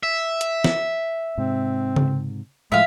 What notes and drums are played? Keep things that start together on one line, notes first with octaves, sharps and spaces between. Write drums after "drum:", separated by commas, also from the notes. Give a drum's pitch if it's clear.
E5
drum: hi-hat
drum: snare
G#2 C3 C4
drum: tom C#3
A2 F3 G#3 E5 F5